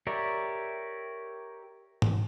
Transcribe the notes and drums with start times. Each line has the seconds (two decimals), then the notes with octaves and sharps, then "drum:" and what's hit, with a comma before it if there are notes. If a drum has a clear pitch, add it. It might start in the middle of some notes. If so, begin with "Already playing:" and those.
0.07 G4 A#4 C#5 D5 E5
2.02 drum: tom G#2